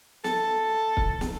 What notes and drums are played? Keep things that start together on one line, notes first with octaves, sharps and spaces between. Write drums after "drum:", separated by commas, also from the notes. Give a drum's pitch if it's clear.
A4, drum: snare
drum: kick
drum: snare